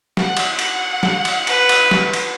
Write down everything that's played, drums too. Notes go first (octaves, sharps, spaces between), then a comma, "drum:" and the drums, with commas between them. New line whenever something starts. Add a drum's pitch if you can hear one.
F#5, drum: snare
drum: cymbal
drum: cymbal
drum: snare
drum: cymbal
B4, drum: cymbal
drum: cymbal
drum: snare
drum: cymbal